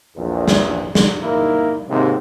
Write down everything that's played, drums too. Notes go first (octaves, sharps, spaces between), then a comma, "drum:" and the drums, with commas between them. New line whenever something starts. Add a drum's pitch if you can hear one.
A#1 E2
drum: snare
drum: snare
A#3 D#4 E4 A#4
D#2 G#2 C3